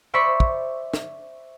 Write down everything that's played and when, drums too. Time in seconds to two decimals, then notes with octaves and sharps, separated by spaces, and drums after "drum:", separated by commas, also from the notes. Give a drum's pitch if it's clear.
0.14 C5 D5 E5 B5 C#6 B6
0.40 drum: kick
0.94 drum: snare